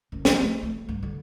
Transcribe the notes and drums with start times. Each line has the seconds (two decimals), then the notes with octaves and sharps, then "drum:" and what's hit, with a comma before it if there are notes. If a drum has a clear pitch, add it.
0.12 F#1
0.25 F3, drum: snare
0.42 A3
0.63 A3
0.89 G2
1.03 D3